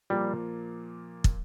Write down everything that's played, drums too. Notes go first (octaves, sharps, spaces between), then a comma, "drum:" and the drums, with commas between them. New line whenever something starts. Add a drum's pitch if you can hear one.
A#2 F3 G3 A#3
drum: kick